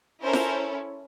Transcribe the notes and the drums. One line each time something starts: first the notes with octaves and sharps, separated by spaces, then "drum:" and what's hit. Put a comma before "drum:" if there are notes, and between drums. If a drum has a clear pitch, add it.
C#4 E4 A4 A#4 C5
drum: snare F4